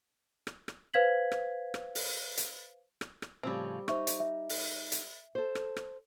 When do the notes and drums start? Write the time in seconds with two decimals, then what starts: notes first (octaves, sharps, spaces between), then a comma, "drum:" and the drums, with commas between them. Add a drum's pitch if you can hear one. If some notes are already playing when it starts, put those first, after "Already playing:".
0.47 drum: rim click
0.68 drum: rim click
0.94 B4 C5 F5 G#6 B6 F#7
1.32 drum: rim click
1.74 drum: rim click
1.95 drum: open hi-hat
2.37 drum: hi-hat
3.01 drum: rim click
3.22 drum: rim click
3.43 A2 C#3 F3 G3 C4
3.88 D#4 C5 E5 C#6, drum: rim click
4.07 drum: hi-hat
4.20 E5
4.49 drum: open hi-hat
4.92 drum: hi-hat
5.35 A4 C5
5.55 drum: rim click
5.76 drum: rim click